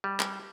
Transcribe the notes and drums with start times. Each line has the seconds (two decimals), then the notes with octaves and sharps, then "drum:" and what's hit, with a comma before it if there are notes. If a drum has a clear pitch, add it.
0.04 G3
0.20 drum: clap